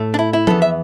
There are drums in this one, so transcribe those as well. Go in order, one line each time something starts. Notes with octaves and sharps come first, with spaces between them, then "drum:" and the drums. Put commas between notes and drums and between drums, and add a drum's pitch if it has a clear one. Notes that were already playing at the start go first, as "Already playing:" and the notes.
Already playing: A2 A3
D4
E4
E4
E2 E3 B3 A4, drum: tom F3
E5